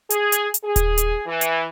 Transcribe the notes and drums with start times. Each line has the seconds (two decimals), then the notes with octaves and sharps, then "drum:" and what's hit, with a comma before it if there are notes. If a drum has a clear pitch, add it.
0.10 G#4, drum: hi-hat
0.32 drum: hi-hat
0.54 drum: hi-hat
0.64 G#4
0.76 drum: kick D#1, hi-hat
0.98 drum: hi-hat
1.27 E3
1.41 drum: hi-hat